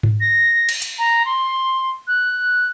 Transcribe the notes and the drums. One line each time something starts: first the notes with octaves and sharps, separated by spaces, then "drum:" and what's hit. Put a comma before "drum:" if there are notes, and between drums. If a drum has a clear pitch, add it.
drum: tom G#2
A#6
drum: cymbal
drum: hi-hat
A#5
C6
F#6